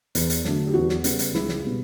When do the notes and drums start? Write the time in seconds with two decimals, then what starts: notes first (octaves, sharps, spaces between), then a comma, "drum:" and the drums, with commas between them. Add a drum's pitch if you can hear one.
0.15 E2, drum: hi-hat
0.30 drum: hi-hat
0.45 D3 F#3 A3, drum: snare
0.67 G4
0.74 E2 F#4
0.89 drum: snare
1.04 C#3 G3 B3, drum: hi-hat
1.19 drum: hi-hat
1.34 C#2 E4, drum: snare
1.49 drum: snare
1.64 B2 G3